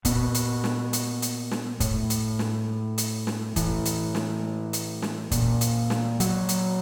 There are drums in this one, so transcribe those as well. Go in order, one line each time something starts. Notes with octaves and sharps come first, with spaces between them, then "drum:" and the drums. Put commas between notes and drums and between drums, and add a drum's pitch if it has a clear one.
A#2 B3, drum: kick, hi-hat
drum: hi-hat
drum: snare
drum: hi-hat
drum: hi-hat
drum: snare
A2, drum: kick, hi-hat
drum: hi-hat
drum: snare
drum: hi-hat
drum: snare
A2 E3, drum: kick, hi-hat
drum: hi-hat
drum: snare
drum: hi-hat
drum: snare
A#2, drum: kick, hi-hat
drum: hi-hat
drum: snare
F#3, drum: hi-hat
drum: hi-hat